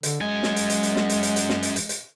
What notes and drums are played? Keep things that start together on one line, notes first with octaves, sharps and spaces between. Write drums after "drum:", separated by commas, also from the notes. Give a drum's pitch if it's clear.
D3, drum: hi-hat
F#2 G#3 G#5
drum: snare
drum: hi-hat
drum: hi-hat
drum: hi-hat
drum: snare
drum: hi-hat
drum: hi-hat
drum: hi-hat
drum: snare
drum: hi-hat
drum: hi-hat
drum: hi-hat